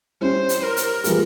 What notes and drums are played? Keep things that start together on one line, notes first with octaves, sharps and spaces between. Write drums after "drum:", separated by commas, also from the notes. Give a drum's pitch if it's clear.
G3 C#4 E4 G4 C5
drum: hi-hat
A#4
drum: hi-hat
E3 G3 A#3 F4 G#4, drum: hi-hat